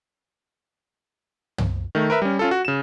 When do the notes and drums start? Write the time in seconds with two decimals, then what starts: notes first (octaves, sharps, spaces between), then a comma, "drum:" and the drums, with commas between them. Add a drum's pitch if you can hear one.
1.58 drum: tom
1.95 D#3 A3
2.10 A#4 B4 E5
2.22 G3 C#4
2.39 C#4 F4 A4
2.51 F#4
2.65 C#3 E7